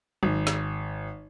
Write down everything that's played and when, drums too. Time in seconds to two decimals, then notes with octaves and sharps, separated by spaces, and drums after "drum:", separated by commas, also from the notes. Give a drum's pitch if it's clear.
0.23 G#1, drum: tom F#3
0.47 drum: snare